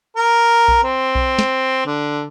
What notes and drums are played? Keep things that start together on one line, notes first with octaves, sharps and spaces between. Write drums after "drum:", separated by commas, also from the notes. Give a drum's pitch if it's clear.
A#4
drum: kick B1
C4
drum: kick B1
drum: snare
D3